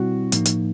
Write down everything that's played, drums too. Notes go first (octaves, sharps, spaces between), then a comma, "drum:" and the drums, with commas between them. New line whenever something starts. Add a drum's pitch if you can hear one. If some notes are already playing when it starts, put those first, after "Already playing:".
Already playing: B2 G3 C4 E4 F#4
A2 F3 A#3 D#4, drum: hi-hat
drum: hi-hat